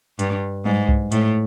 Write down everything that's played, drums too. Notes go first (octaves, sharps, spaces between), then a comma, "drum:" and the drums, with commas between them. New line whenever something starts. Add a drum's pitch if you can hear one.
G2, drum: hi-hat
G#2, drum: tom F#3
drum: kick C2
A2, drum: hi-hat